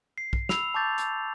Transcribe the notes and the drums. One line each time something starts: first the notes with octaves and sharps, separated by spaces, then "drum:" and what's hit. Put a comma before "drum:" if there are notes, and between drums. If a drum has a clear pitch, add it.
C7
drum: kick B1
B5 E6 C7 F7, drum: snare
A5 C#6 D6 G6 A6
drum: hi-hat